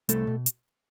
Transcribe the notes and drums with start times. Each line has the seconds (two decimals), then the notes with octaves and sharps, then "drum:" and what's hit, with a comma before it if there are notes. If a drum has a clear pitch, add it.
0.09 C2 A3 A4, drum: hi-hat
0.27 B2
0.46 drum: hi-hat